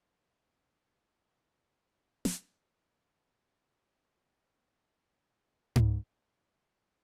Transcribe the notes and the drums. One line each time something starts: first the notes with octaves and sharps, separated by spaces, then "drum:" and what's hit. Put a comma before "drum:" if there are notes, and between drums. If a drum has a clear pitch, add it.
D3 F#3 G3 B3 D4 D#4
drum: snare
D3 D#3 F#3 A3 D#4
E3 G3 F4 C6
C5
C#2 G#2 G#3
drum: tom G#2